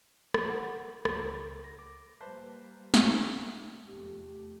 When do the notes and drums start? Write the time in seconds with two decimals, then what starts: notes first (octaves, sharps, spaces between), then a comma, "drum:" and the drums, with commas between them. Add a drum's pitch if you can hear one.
0.34 drum: rim click
0.50 F#5
1.05 C#2, drum: rim click
1.64 A#6
1.79 D6
2.20 G3 A#3 B4 C5 A5
2.94 drum: snare
3.87 F1 E2 A3 G4